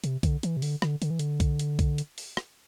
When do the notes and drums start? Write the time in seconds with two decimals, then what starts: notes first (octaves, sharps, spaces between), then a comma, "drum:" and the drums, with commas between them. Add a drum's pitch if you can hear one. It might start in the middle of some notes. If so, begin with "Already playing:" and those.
0.04 C3, drum: hi-hat
0.23 D3, drum: kick B1, hi-hat
0.43 E3, drum: hi-hat
0.57 C3
0.62 D3, drum: open hi-hat
0.82 D3, drum: rim click
1.02 D3, drum: hi-hat
1.10 E3
1.19 D3, drum: hi-hat
1.40 drum: kick B1, hi-hat
1.59 drum: hi-hat
1.79 drum: kick B1, hi-hat
1.98 drum: hi-hat
2.18 drum: open hi-hat
2.37 drum: rim click